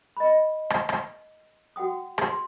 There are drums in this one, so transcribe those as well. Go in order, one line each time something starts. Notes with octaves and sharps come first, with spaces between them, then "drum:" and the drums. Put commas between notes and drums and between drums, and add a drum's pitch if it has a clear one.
D#5 B5
drum: rim click
drum: rim click
F#4 F#5 G5 D#6
G#4 C6, drum: rim click